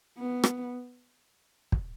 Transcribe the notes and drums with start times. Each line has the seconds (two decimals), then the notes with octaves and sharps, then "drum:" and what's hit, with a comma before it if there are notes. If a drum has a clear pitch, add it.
0.18 B3
0.44 drum: rim click
1.72 drum: kick